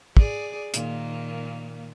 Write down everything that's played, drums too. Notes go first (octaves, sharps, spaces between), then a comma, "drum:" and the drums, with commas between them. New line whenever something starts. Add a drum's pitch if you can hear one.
G#4 D5, drum: kick
A#2 D#3 A#3, drum: hi-hat